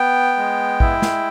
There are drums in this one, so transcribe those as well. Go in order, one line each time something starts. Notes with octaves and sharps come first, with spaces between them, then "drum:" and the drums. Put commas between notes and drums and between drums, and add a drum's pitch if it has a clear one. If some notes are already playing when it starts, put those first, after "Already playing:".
Already playing: B3 G5
G#3
E4, drum: kick
drum: snare